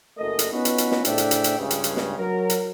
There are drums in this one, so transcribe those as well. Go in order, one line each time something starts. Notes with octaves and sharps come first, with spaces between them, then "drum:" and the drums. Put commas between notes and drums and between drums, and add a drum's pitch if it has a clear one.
F#1 F#2 A3 A#4 D#5
drum: hi-hat
B3 C#4 D#4 F4 F#4 B4
drum: hi-hat
drum: hi-hat
drum: snare
A2 C#3 D4 C5 E5 G5, drum: hi-hat
drum: hi-hat
drum: hi-hat
drum: hi-hat
C#2 G2 C#3
drum: hi-hat
drum: hi-hat
drum: snare
F#3 A#4
drum: hi-hat